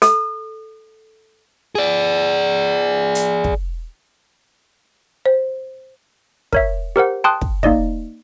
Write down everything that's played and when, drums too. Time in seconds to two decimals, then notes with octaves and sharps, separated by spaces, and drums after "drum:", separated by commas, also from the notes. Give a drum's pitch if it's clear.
0.02 A4, drum: hi-hat
1.75 G#4 D5
3.15 drum: hi-hat
3.44 drum: kick
5.26 C5
6.53 A#4 C#5 E5, drum: kick
6.96 G4 A#4 C5 F#5
7.24 G5 A5 C6 D#6 F#6
7.41 drum: kick
7.63 A#3 D#4 D5 D#5, drum: kick